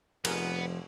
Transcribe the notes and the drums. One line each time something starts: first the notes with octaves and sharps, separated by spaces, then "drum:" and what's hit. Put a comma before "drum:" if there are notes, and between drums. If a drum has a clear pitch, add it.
F1 F3 B3 G#4 A#4 B4, drum: cymbal